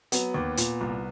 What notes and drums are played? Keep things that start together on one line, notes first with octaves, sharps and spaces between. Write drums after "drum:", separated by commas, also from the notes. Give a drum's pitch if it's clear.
F#3 B3, drum: hi-hat
D#2
A#2, drum: hi-hat
C2